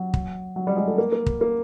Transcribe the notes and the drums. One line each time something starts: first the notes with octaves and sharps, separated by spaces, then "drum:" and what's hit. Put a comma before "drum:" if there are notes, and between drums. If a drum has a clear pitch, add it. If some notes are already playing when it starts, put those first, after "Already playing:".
Already playing: F#3
drum: kick
F#3
G3
G#3
A3
A#3
A#3
drum: kick
A#3